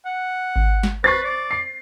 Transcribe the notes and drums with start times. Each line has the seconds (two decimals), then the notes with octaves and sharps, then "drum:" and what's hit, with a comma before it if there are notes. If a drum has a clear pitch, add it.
0.05 F#5
0.56 drum: kick G#1
0.83 drum: snare
1.04 B4 C5 C#6 A6 C7
1.24 D5
1.51 C7